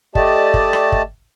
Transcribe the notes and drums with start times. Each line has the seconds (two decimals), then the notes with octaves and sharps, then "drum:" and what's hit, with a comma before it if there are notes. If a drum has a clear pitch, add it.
0.15 A3 G4 D5 D#5 A5, drum: kick
0.54 drum: kick
0.73 drum: rim click
0.92 drum: kick